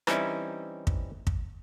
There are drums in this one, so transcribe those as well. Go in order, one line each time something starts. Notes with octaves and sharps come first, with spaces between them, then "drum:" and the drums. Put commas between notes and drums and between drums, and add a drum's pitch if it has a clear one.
E3 G3 C4 C#4 D#4 E4, drum: rim click
drum: kick
drum: kick